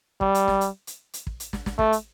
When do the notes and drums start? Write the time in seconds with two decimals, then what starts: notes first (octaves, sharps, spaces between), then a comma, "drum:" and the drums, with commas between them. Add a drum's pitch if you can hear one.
0.21 G3, drum: kick
0.35 drum: hi-hat
0.48 drum: snare
0.61 drum: hi-hat
0.87 drum: hi-hat
1.14 drum: hi-hat
1.27 drum: kick
1.40 drum: hi-hat
1.53 drum: snare
1.66 drum: snare
1.79 A3, drum: kick
1.92 drum: hi-hat